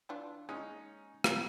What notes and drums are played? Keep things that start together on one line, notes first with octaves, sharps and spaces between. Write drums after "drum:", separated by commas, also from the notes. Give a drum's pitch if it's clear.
E3 D4 F4
G#3 C#4 D#4
drum: rim click